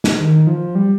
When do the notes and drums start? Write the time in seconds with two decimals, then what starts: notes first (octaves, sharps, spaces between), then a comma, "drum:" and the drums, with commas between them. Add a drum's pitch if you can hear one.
0.04 drum: snare
0.18 D#3
0.47 F3
0.75 G3